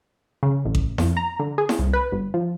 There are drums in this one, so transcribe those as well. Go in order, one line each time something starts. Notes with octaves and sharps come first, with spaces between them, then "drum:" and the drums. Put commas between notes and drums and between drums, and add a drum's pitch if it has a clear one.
C#3
A1
drum: kick A1
F2, drum: snare E4
A#5
D3
G#4
drum: snare E4
C2
B4
G1
F3